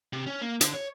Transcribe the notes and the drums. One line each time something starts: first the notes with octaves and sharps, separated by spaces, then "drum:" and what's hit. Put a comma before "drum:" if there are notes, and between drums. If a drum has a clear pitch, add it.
C3
C#4
A#3
D3, drum: hi-hat
C#5